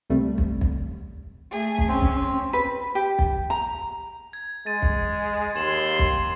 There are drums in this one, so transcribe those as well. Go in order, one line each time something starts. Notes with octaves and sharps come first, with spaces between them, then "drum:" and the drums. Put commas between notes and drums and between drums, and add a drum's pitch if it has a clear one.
C#2 C3 G3 A3 C4
drum: kick
drum: kick
A3 G#4
drum: kick
C4 C#4
drum: kick
B4
G4
drum: kick
A#5
G#6
G#3 A6 D#7
drum: kick
D#2 C6 G#6 E7 F#7
drum: kick